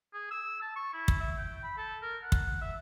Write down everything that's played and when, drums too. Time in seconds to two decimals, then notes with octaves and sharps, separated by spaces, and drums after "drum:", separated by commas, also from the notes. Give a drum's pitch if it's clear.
0.13 G#4
0.31 E6
0.62 A5
0.76 C#6
0.93 E4
1.08 drum: kick
1.20 E5
1.37 G5
1.64 B5
1.77 A4
2.02 A#4
2.23 F#5
2.32 drum: kick
2.61 E5